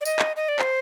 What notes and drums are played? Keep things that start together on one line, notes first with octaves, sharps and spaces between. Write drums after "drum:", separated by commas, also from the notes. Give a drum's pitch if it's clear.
D5
D#5, drum: tambourine
drum: clap
D#5
D5
C5, drum: clap